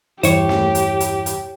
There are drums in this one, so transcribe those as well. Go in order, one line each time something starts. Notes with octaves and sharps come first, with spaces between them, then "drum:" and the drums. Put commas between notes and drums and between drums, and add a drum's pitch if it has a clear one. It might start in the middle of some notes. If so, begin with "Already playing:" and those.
E2 G2 E4 G4 C5 C#5, drum: hi-hat
drum: snare
drum: hi-hat
drum: hi-hat
drum: hi-hat